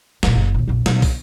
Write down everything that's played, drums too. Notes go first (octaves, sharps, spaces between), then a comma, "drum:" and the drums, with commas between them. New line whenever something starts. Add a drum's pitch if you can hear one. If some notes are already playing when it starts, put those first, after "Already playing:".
A#2 F3, drum: snare
F#1
A#1 D#2
A#1 F2
B1, drum: snare
D3, drum: kick, open hi-hat